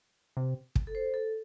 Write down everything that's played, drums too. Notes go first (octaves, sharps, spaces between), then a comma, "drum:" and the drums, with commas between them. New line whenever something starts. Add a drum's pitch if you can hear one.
C3
drum: kick
A4
C5
A4